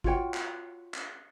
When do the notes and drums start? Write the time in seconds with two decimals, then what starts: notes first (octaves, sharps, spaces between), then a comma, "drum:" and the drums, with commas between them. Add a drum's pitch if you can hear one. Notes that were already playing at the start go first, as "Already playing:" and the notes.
0.04 F4 F#4 C#5 G5, drum: kick G#1
0.34 drum: clap
0.94 drum: clap